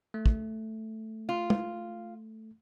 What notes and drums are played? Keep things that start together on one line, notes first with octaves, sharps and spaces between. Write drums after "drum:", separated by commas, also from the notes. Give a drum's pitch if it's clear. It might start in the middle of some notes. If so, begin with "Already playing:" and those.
A3
drum: kick
F4
drum: tom